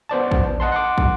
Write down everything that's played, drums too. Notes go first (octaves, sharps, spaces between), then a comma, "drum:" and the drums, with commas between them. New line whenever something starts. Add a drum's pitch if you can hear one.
B3 C5 D5 A5
drum: kick
D#5 F#5 A5 C6
F#5 C6 D6
drum: kick